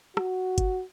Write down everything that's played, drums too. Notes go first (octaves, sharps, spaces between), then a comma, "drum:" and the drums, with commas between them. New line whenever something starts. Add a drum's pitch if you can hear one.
F#4, drum: rim click
drum: kick, hi-hat